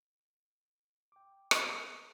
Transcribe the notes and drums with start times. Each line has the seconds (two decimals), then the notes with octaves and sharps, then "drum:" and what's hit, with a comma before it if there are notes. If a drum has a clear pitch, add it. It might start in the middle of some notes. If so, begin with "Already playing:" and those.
1.12 G5 D6
1.51 drum: rim click